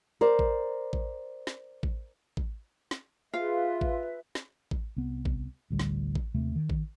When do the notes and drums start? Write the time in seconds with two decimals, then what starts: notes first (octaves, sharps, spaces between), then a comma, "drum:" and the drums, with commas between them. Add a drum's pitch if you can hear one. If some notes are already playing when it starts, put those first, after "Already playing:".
0.21 A#4 C5 D5
0.39 drum: kick A1
0.93 drum: kick A1
1.47 drum: snare
1.83 drum: kick A1
2.37 drum: kick A1
2.91 drum: snare
3.34 F4 G#4 B4 E5 F5
3.81 drum: kick A1
4.35 drum: snare
4.71 drum: kick A1
4.96 C2 B3
5.25 drum: kick A1
5.70 A1 D2 G3
5.79 drum: snare
6.15 drum: kick A1
6.34 D#2 C3 A3
6.56 D#3
6.70 drum: kick A1